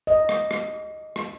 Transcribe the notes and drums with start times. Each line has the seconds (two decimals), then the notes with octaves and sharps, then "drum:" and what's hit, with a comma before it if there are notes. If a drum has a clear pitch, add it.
0.07 D#5
0.29 drum: rim click
0.51 drum: rim click
1.16 drum: rim click